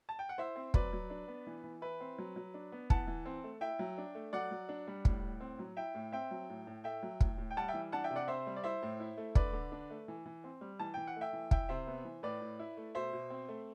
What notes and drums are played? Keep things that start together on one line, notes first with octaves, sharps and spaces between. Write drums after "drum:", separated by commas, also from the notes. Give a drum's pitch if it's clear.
A5
G5
F#5
E4 C5 E5
C4
F#3 B4 D5, drum: kick
F#3
D4
B3
E3
E3
E4 B4
C4
F#3
F#3
D4
B3
E3 F#5 A5, drum: kick
E3
C4
A3
E4 E5 G5
F#3
D4
A3
F#3 D5 F#5
F#3
D4
G3
A2, drum: kick
A2
C4
F#3
E4 E5 G5
A2
C4 E5 G5
F#3
A2
A2
A3 E5 G5
F#3
A2, drum: kick
A2
G5
G3 F#5 A5
E5 G5
E3
D4 F#5 A5
E5 G5
C3
D5 F#5
C4 C5 E5
G3
D5
E4 C5 E5
A2
E4
A3
D3 B4 D5, drum: kick
D3
D4
A3
E3
E3
C4
G3
E3 A5
E3 G5
F#5
A3
E5 G5
E3
E4 E5 G5, drum: kick
C3 C5 E5
B3
E3
A2 B4 D5
A2
E4
A3
B2 C5 E5
B2
C4
A3